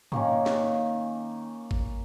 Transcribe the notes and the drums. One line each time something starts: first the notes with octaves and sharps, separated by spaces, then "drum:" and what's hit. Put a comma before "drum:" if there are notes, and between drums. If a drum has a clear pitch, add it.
D#3 A#3 C#4, drum: tom
drum: snare
drum: kick